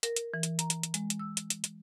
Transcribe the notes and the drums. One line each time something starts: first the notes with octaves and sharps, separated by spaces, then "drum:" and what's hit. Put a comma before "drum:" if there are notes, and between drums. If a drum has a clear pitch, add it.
A#4, drum: hi-hat
drum: hi-hat
E3
drum: hi-hat
A#5, drum: hi-hat
drum: hi-hat
drum: hi-hat
G#3, drum: hi-hat
drum: hi-hat
E6
drum: hi-hat
drum: hi-hat
drum: hi-hat